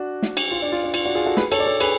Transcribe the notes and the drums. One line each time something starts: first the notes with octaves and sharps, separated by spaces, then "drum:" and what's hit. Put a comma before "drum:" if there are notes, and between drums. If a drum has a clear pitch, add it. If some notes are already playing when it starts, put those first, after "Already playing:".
Already playing: D4 F#4
drum: snare
drum: cymbal
F4
D4
F4
D4
F4, drum: cymbal
D4 F#4
F4 G#4
F#4 A4
G#4 B4, drum: snare
A4 C#5, drum: cymbal
D5
A4 C#5
G#4 B4, drum: cymbal